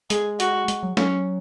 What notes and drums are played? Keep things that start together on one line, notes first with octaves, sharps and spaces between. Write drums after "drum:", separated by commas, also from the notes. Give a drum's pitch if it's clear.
G#3 G#4, drum: hi-hat
F#4, drum: hi-hat
G#3, drum: hi-hat
F#3
F#3 C#4, drum: snare